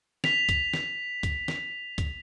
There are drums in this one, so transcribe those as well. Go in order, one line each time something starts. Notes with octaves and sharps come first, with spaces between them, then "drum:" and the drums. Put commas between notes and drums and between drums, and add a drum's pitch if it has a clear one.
B6 F7, drum: snare
drum: kick, hi-hat
drum: snare
drum: kick, hi-hat
drum: snare
drum: kick, hi-hat